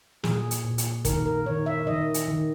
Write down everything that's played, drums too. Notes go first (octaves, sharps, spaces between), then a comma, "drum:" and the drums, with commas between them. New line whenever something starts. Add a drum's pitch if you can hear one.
A#2 G#4, drum: snare
drum: hi-hat
A#2
drum: hi-hat
D#3 A#4, drum: kick, hi-hat
A#4
D#3 C#5
E5
D#3 D#5
drum: hi-hat
D#3